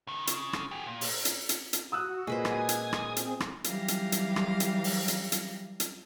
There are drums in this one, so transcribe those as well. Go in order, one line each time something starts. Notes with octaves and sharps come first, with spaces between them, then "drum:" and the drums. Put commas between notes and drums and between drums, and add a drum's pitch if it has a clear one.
C#2 D#3
C#3, drum: hi-hat
drum: rim click
G4 G#4
A#2
drum: open hi-hat
drum: hi-hat
drum: hi-hat
drum: hi-hat
F#4 D#6 E6 F#6
A#2 G#3 B4 C5 G#5 D#6 G#6
drum: rim click
drum: hi-hat
drum: rim click
C4 G#4
drum: hi-hat
drum: rim click
E3 F#3 G3 G4 F5 A#6, drum: hi-hat
drum: hi-hat
drum: hi-hat
drum: rim click
drum: hi-hat
drum: open hi-hat
drum: hi-hat
drum: hi-hat
drum: hi-hat